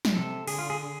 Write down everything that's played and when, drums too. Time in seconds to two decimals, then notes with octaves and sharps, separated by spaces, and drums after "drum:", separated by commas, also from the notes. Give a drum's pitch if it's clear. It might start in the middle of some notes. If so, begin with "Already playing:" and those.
0.05 drum: snare
0.14 C3 A4
0.47 D3 G#4, drum: cymbal
0.59 F4
0.70 G#4
0.81 G#4